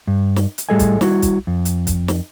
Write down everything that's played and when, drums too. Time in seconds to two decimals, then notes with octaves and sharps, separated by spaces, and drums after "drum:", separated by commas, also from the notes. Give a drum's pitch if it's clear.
0.07 G2
0.36 drum: snare
0.58 drum: hi-hat
0.69 A2 G3 G#4 A4 D#5 G#5
0.79 drum: kick, hi-hat
1.01 G3 E4 F#4, drum: snare
1.22 drum: kick, hi-hat
1.47 F2
1.65 drum: hi-hat
1.87 drum: kick, hi-hat
2.08 drum: snare